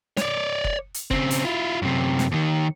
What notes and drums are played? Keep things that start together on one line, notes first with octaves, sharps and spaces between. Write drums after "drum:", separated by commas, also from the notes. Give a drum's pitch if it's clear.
C#5 D5, drum: snare
drum: kick F#1
drum: hi-hat
C#3 C4, drum: kick F#1
drum: hi-hat
E4 F4
F#2 C3
drum: snare
D#2 D#3